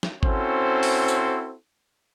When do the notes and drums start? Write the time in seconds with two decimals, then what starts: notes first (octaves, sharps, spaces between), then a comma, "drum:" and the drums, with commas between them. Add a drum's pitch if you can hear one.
0.03 drum: snare
0.23 C4 C#4 E4 F#4 A4 C5, drum: kick G#1
0.83 drum: open hi-hat
1.08 drum: tambourine